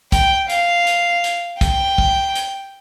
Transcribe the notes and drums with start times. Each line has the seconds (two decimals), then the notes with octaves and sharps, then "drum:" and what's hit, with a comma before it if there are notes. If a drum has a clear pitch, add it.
0.12 G5, drum: kick, hi-hat
0.50 F5, drum: hi-hat
0.87 drum: hi-hat
1.24 drum: hi-hat
1.61 G5, drum: kick, hi-hat
1.98 drum: kick
2.35 drum: hi-hat